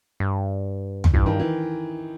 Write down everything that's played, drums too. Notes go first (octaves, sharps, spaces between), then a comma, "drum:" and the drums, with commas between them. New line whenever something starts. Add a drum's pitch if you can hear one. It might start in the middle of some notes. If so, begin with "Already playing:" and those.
G2
drum: tom
G2 E3
D#3
E3